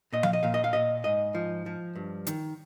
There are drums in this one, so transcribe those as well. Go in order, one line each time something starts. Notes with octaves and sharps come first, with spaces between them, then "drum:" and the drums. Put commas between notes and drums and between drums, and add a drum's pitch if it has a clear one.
A#2 D#5
F5, drum: tom F3
D#5
A#2 F5
D#5
F5
A#2 D#5
G#2 D#5
F3
F3
G2
D#3, drum: hi-hat